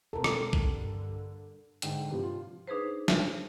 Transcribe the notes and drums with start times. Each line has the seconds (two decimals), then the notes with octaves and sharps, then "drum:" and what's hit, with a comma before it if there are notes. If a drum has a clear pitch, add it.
0.13 B2 G#3 C4 A4 A#4
0.24 drum: rim click
0.53 G2 D3, drum: kick
1.82 G#2 D3 G5, drum: hi-hat
2.11 G2 C3 F3 G3
2.23 F4
2.67 D4 D#4 G#4 B4 C5
3.08 drum: snare